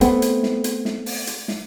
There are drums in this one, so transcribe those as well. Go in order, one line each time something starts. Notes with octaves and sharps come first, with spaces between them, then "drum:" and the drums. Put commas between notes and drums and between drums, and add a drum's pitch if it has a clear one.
A3 B3 C4, drum: hi-hat
drum: hi-hat
drum: snare
drum: hi-hat
drum: snare
drum: open hi-hat
drum: hi-hat
drum: snare